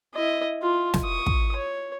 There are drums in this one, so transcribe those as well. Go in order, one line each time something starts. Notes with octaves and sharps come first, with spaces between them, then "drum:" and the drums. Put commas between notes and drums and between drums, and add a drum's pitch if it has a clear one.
E4 D#5
F4
drum: snare
C#6 D#6
drum: kick
C#5